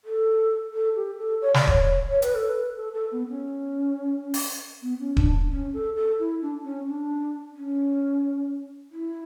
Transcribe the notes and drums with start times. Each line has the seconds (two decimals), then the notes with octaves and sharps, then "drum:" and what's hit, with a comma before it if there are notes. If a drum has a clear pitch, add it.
0.05 A4
0.73 A4
0.96 G4
1.18 A4
1.42 C#5
1.54 D5, drum: snare
1.67 C#5, drum: kick D#1
2.10 C#5
2.22 B4, drum: hi-hat
2.35 A4
2.49 B4
2.77 A4
2.94 A4
3.11 B3
3.28 C#4
4.34 drum: open hi-hat
4.82 B3
4.99 C#4
5.17 D4, drum: kick D#1
5.50 C#4
5.74 A4
5.96 A4
6.19 E4
6.41 D4
6.64 C#4
6.87 D4
7.55 C#4
8.91 E4